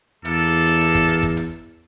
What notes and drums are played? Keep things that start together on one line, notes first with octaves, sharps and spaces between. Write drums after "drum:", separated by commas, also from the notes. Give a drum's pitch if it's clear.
E2 A#3 A4, drum: hi-hat
drum: hi-hat
drum: hi-hat
drum: kick, hi-hat
drum: hi-hat
drum: kick, hi-hat
drum: hi-hat